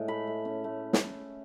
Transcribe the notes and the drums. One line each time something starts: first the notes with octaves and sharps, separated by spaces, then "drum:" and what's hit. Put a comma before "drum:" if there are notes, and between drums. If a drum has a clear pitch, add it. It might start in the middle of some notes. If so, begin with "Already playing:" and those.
Already playing: A2 G#3
A3 B5
A3
C#4
A3
drum: snare